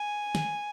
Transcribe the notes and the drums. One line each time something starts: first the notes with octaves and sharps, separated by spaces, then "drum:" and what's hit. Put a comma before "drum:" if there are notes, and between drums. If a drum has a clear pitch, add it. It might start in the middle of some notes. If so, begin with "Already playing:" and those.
Already playing: G#5
drum: snare